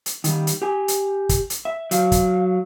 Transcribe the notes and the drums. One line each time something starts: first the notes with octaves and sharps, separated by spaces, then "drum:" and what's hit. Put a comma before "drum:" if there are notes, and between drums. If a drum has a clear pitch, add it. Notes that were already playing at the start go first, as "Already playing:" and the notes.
drum: hi-hat
D#3 G3, drum: hi-hat
drum: hi-hat
G4 G#5
drum: hi-hat
drum: kick, hi-hat
drum: hi-hat
E5
F#3 F5, drum: hi-hat
drum: kick, hi-hat